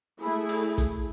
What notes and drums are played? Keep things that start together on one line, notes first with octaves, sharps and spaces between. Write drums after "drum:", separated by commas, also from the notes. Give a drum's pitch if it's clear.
A3 E4 G#4
drum: open hi-hat
drum: kick, hi-hat